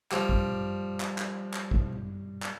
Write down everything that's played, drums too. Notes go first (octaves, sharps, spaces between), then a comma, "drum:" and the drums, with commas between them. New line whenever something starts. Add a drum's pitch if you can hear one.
F3 G3 G4, drum: clap
drum: kick
drum: clap
drum: clap
drum: clap
drum: kick
drum: clap